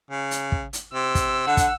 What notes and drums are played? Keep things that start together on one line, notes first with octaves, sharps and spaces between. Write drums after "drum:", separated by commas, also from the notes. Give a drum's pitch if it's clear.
C#3
drum: hi-hat
drum: kick
drum: hi-hat
C3 E6
drum: kick, hi-hat
D3 F#5
drum: kick, hi-hat